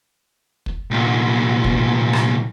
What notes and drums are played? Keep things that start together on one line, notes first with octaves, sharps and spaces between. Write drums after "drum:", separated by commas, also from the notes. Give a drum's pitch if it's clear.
drum: kick
C2 A#2
drum: kick
drum: rim click